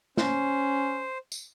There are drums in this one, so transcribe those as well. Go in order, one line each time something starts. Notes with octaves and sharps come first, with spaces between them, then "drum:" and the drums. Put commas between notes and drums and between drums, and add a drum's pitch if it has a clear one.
C#4 C5, drum: snare
drum: tambourine